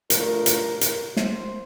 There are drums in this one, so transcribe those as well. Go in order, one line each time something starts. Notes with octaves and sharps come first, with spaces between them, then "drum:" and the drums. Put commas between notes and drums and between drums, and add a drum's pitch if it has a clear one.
G2 F3 A3 A#4, drum: hi-hat
drum: hi-hat
drum: hi-hat
C5, drum: snare